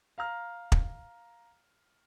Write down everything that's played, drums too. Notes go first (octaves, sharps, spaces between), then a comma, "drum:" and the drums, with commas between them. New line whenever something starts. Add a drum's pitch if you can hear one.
F5 A#5 F6
drum: kick